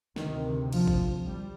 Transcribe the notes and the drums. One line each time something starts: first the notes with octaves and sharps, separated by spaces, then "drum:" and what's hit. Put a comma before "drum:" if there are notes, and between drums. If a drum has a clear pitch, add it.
D2 C3 D#3, drum: snare
F3, drum: cymbal
drum: kick A1
G3